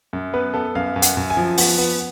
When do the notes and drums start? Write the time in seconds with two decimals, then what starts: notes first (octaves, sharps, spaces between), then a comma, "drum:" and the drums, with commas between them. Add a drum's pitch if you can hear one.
0.13 F#2
0.33 B3 B4
0.54 B3 A4
0.75 F#2 F5
0.96 F#2
1.02 F#5, drum: hi-hat
1.17 F#2
1.30 G#5
1.37 F3
1.58 B3 F#5, drum: open hi-hat
1.78 B3